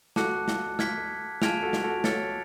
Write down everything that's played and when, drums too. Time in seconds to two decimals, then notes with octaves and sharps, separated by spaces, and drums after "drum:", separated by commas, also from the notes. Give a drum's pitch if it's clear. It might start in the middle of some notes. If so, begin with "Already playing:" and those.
0.16 F#4 A4 A5 D6 F#6 C#7, drum: snare
0.48 drum: snare
0.79 F6 G#6 B6, drum: snare
1.42 F4 G#4 A5 F6 G#6 D7 F7, drum: snare
1.63 F#4 A4
1.73 drum: snare
1.84 F#4 A4
2.04 A4 C#5 F6 A6 C#7, drum: snare